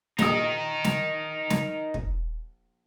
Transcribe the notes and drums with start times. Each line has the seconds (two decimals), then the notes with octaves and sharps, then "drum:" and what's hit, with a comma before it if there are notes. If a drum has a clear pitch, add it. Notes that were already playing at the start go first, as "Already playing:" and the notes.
0.18 A#1 D#4 A#4 D#6, drum: snare
0.84 drum: snare
1.50 drum: snare
1.94 drum: kick